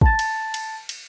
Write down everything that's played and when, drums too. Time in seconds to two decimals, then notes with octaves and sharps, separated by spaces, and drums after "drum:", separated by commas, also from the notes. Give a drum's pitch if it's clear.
0.01 A5 A6, drum: kick
0.19 drum: cymbal
0.54 drum: cymbal
0.89 drum: cymbal